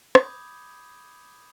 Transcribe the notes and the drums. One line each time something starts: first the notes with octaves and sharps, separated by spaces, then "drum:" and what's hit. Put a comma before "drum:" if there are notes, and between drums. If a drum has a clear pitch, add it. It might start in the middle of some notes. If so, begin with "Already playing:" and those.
B5 D6 D#6 G6 G#6, drum: rim click